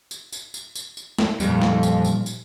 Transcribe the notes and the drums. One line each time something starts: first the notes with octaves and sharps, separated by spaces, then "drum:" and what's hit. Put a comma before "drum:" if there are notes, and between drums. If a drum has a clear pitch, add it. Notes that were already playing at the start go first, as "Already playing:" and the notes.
drum: tambourine
drum: tambourine
drum: tambourine
drum: tambourine
drum: tambourine
drum: snare
F2 A#2 G3, drum: tambourine
drum: snare
drum: tambourine
drum: tambourine
drum: tambourine